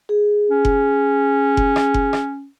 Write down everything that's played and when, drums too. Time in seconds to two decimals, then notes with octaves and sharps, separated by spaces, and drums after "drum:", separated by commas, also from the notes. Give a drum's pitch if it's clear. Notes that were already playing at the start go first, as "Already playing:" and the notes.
0.09 G#4
0.50 C#4
0.65 drum: kick F#1
1.57 drum: kick F#1
1.76 drum: rim click
1.94 drum: kick F#1
2.13 drum: rim click